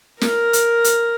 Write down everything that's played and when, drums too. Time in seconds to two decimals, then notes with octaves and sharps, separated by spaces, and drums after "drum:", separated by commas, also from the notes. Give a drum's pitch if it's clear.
0.21 A#4, drum: snare
0.53 drum: hi-hat
0.84 drum: hi-hat